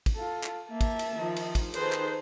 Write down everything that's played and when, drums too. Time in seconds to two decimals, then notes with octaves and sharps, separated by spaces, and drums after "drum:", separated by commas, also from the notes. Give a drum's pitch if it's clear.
0.06 drum: kick, cymbal
0.16 F4 A4
0.43 drum: clap
0.71 A#3 E5 A5
0.81 drum: kick, cymbal
0.99 drum: cymbal
1.15 D#3 F3
1.36 drum: cymbal
1.55 drum: kick, cymbal
1.74 D#3 G#4 A4 B4 C5, drum: cymbal
1.92 drum: clap